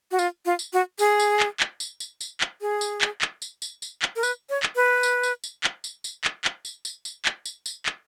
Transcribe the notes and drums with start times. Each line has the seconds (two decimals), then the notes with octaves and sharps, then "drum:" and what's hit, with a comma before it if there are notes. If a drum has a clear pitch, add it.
0.11 F#4
0.19 F4, drum: tambourine
0.45 F4
0.59 drum: tambourine
0.73 F#4
0.99 G#4, drum: tambourine
1.20 drum: tambourine
1.40 drum: clap
1.60 drum: clap
1.80 drum: tambourine
2.00 drum: tambourine
2.21 drum: tambourine
2.41 drum: clap
2.61 G#4
2.81 drum: tambourine
3.01 drum: clap
3.21 drum: clap
3.42 drum: tambourine
3.62 drum: tambourine
3.82 drum: tambourine
4.02 drum: clap
4.16 A#4
4.23 B4, drum: tambourine
4.50 C#5
4.63 drum: clap
4.76 B4
5.03 drum: tambourine
5.23 drum: tambourine
5.44 drum: tambourine
5.64 drum: clap
5.84 drum: tambourine
6.04 drum: tambourine
6.24 drum: clap
6.45 drum: clap
6.65 drum: tambourine
6.85 drum: tambourine
7.05 drum: tambourine
7.25 drum: clap
7.45 drum: tambourine
7.66 drum: tambourine
7.86 drum: clap